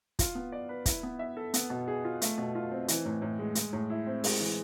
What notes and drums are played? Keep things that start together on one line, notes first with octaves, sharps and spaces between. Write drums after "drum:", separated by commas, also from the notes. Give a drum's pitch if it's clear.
F4, drum: kick, hi-hat
B3
D5
B4
E4, drum: kick, hi-hat
B3
E5
A4
B3, drum: hi-hat
B2
G#4
F4
A3, drum: hi-hat
B2
F4
C4
E3, drum: hi-hat
A2
A2
G#3
G#3, drum: hi-hat
A2
E4
C4
G#3, drum: open hi-hat
E3